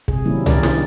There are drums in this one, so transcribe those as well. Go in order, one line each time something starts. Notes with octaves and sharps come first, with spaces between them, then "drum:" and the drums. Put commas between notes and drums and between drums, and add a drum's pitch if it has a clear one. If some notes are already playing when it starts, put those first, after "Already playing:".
C3 G#4, drum: kick
D#3 F#3 G3 A#3 C#4 E4
D#3 C#4 G#4 A#4 D5, drum: tom C2
G3 D4, drum: snare E4